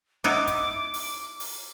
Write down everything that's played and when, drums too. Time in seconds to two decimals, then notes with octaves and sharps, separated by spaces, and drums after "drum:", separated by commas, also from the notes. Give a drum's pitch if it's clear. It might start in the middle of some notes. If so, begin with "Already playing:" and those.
0.24 B3 D#4 E4 D6
0.47 drum: kick, hi-hat
0.94 drum: open hi-hat
1.40 drum: open hi-hat